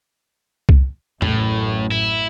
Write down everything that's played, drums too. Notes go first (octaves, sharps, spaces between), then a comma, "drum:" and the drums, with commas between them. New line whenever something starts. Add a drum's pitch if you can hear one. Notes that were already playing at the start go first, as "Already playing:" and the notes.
drum: kick C2
A1 F#2 A2, drum: tom
E4